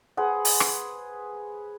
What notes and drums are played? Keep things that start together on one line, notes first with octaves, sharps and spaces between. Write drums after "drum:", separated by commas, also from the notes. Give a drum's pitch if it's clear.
G#4 B4 C5 F#5
drum: open hi-hat
drum: rim click